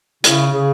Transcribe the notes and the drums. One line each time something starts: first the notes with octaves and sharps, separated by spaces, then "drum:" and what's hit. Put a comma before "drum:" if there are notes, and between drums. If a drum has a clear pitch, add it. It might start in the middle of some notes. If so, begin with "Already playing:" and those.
C#3 E4, drum: hi-hat
C#3 G#4